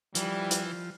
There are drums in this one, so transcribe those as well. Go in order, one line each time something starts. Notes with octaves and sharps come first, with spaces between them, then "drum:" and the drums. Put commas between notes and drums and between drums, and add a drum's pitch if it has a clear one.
E3 F3 G3, drum: hi-hat
drum: hi-hat